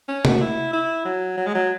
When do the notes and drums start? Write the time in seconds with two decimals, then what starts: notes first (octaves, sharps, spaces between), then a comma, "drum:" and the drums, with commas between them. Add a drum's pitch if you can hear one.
0.08 C#4
0.25 F#4, drum: tom
0.41 E4
0.73 E4
1.05 F#3
1.37 F#3
1.46 G#3
1.55 F#3